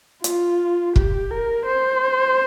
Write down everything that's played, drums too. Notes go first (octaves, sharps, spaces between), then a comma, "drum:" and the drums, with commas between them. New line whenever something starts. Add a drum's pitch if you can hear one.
F4, drum: hi-hat
G4, drum: kick
A#4
C5